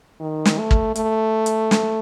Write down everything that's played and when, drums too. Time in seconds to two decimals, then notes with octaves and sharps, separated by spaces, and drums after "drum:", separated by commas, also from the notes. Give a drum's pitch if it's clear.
0.20 D#3
0.45 drum: snare
0.58 A3
0.71 drum: kick
0.96 A3, drum: hi-hat
1.46 drum: hi-hat
1.71 drum: snare